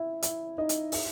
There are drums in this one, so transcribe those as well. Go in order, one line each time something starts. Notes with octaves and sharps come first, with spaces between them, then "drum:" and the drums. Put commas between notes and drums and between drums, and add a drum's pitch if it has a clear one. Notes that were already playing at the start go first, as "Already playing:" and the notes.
Already playing: E4 E5
E4 E5, drum: hi-hat
D#4 D#5
drum: hi-hat
E4 E5, drum: open hi-hat